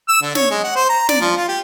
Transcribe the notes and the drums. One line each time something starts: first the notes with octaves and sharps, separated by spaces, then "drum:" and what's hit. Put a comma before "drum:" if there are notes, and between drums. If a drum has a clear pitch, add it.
E6
D3
C#5, drum: snare
G#3
F#5
C5
A#5
D5, drum: snare
F3
F4
G4